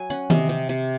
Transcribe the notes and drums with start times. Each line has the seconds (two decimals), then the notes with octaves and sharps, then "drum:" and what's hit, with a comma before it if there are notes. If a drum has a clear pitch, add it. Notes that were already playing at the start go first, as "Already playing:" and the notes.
Already playing: F#3 G#5
0.10 C#4 F#5
0.30 C3 D#5, drum: tom D#3
0.49 C3
0.69 C3